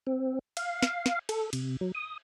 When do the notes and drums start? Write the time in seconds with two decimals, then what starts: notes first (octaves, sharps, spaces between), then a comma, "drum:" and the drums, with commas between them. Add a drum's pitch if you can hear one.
0.07 C4
0.57 F5, drum: cymbal
0.83 drum: snare
1.06 drum: snare
1.29 A4, drum: cymbal
1.53 C3, drum: cymbal
1.81 F#3
1.95 D#6